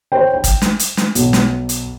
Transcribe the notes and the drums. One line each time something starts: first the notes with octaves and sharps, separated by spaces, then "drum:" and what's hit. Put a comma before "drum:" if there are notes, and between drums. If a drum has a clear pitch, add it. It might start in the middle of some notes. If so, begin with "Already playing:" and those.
C5 C#5 G5
G5
drum: kick G#1, hi-hat
drum: snare
drum: hi-hat
drum: snare
B1 B2, drum: hi-hat
drum: snare
drum: hi-hat